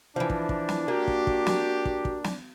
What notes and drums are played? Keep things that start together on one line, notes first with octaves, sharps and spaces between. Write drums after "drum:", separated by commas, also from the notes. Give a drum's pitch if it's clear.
E3 F3 D4
drum: kick
drum: kick
drum: snare
A#3 F#4 G4
drum: kick
drum: kick
drum: snare
drum: kick
drum: kick
drum: snare